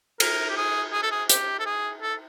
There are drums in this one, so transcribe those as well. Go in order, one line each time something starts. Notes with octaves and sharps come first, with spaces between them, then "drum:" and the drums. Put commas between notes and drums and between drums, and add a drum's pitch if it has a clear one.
A#4, drum: cymbal
G4
G#4
G#4
A4
G#4
G4, drum: hi-hat
A4
G#4
A4